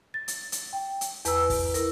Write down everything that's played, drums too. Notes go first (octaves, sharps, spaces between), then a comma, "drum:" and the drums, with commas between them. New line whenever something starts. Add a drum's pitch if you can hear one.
A6
drum: hi-hat
drum: hi-hat
G5
drum: hi-hat
E2 B4 A#5 E6, drum: hi-hat
drum: kick, open hi-hat
E4 A#4, drum: hi-hat